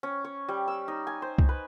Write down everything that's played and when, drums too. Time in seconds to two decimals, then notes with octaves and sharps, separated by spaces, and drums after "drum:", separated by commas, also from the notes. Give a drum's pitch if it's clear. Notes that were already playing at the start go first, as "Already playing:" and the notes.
0.03 C#4
0.24 C#5
0.49 G3
0.68 E6
0.88 D#4
1.07 G#5
1.22 C5
1.38 drum: kick C2
1.49 B4